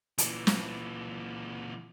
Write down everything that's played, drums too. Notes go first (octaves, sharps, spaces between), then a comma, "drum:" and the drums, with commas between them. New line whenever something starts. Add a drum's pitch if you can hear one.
A#2 E3, drum: hi-hat
drum: snare